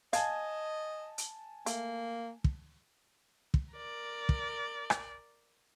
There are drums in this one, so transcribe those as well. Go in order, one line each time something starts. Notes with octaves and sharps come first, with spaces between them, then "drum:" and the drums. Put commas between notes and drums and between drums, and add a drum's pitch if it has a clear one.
D#5 F5 G#5 A5 G#6, drum: hi-hat
drum: hi-hat
A3 A#3, drum: hi-hat
drum: kick
drum: kick
A#4 D5
drum: kick
drum: rim click